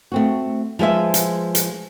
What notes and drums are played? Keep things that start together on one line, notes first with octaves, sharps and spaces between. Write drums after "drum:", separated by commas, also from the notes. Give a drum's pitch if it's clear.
A3 C4 F#4
F3 G#3 B4 E5
drum: hi-hat
drum: hi-hat